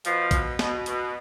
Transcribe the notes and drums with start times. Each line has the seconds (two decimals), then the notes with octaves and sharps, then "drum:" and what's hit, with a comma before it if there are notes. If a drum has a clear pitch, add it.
0.05 B2 F3, drum: hi-hat
0.31 B2, drum: kick A#1, hi-hat
0.59 B2, drum: snare
0.86 B2, drum: hi-hat